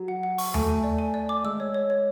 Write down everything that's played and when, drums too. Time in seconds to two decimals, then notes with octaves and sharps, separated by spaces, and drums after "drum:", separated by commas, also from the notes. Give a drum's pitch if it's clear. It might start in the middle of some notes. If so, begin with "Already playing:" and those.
Already playing: F#3
0.08 F#5
0.23 F#5
0.38 C#6, drum: open hi-hat
0.54 A3 G#5, drum: tom D#2
0.69 G#5
0.84 D5
0.99 G#5
1.14 D5
1.29 D6
1.44 G#3 E6
1.60 C#5
1.74 C#5
1.90 C#5